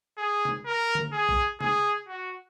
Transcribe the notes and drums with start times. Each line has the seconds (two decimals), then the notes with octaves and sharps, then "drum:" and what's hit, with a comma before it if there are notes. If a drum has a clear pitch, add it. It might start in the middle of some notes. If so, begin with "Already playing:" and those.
0.18 G#4
0.45 drum: tom C3
0.66 A#4
0.95 drum: tom D3
1.13 G#4
1.29 drum: kick
1.61 G#4, drum: tom C3
2.08 F#4